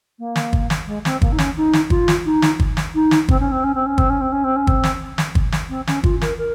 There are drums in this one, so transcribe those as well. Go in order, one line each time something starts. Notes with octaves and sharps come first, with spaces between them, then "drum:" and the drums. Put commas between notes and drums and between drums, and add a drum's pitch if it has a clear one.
A#3
drum: snare
drum: kick
drum: snare
G#3
C4, drum: snare
A#3, drum: kick
D#4
C#4, drum: snare
D#4
drum: snare
F4, drum: kick
drum: snare
D#4
drum: snare
drum: kick
drum: snare
D#4
drum: snare
C4, drum: kick
C#4
C4
C#4
C4
C#4
C4, drum: kick
C#4
C4
C#4
C4
C#4
C4, drum: kick
drum: snare
drum: snare
drum: kick
drum: snare
C4
C#4, drum: snare
F4, drum: kick
A#4, drum: snare
A#4